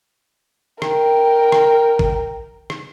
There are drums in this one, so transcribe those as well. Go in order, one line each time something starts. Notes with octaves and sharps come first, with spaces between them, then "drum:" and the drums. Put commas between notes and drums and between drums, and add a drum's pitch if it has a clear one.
A#4 G5, drum: rim click
drum: rim click
drum: kick
drum: rim click